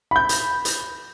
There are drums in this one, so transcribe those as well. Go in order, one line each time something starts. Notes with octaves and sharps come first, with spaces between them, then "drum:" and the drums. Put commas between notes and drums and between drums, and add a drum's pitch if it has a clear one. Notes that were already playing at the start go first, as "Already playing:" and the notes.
B5 G6
drum: hi-hat
drum: hi-hat